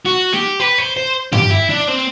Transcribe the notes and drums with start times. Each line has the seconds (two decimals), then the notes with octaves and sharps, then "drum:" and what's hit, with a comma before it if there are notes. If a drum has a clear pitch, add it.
0.06 F#4
0.33 G4, drum: snare
0.60 B4
0.78 C5
0.97 C5
1.33 G4, drum: tom G2
1.51 E4
1.69 D4
1.88 C4